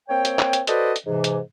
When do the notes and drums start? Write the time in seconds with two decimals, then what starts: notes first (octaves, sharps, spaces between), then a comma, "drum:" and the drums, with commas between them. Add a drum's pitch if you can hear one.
0.09 A#3 C4 C#5 G5
0.25 drum: hi-hat
0.39 drum: clap
0.53 drum: hi-hat
0.67 F#4 A4 B4 C5 D5 D#5, drum: hi-hat
0.96 drum: hi-hat
1.06 G#2 C3 E3
1.24 drum: hi-hat